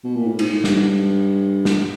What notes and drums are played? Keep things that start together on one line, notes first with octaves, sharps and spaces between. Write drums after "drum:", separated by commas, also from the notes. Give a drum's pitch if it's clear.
B2
A#2
A2
G#2, drum: cymbal
G#2
G2, drum: snare
drum: snare